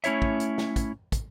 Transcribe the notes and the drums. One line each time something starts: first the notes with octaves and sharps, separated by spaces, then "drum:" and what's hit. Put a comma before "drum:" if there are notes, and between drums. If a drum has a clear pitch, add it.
A3 C#4 E4 C#5 E5, drum: hi-hat
drum: kick
drum: hi-hat
drum: snare
drum: kick, hi-hat
drum: kick, hi-hat